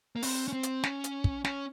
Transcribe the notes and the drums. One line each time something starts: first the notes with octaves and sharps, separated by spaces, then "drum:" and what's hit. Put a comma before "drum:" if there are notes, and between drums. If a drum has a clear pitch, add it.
A#3
C4, drum: open hi-hat
C#4
C4
drum: hi-hat
C#4, drum: snare
drum: hi-hat
drum: kick
C#4, drum: snare